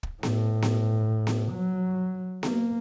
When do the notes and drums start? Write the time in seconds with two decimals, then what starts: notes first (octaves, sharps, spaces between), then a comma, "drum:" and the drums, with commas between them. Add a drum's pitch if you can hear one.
0.03 drum: kick
0.23 A2, drum: snare B3
0.62 drum: snare B3
1.27 drum: snare B3
1.51 F#3
2.43 A#3, drum: snare B3